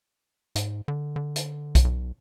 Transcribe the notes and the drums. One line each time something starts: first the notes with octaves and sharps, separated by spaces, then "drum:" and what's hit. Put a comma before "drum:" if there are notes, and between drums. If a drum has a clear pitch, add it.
G#2, drum: hi-hat
D3
D3
drum: hi-hat
drum: kick B1, hi-hat
B1